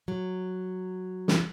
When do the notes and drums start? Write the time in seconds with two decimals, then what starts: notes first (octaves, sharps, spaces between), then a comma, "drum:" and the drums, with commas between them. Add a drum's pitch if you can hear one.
0.08 F#3
1.28 drum: snare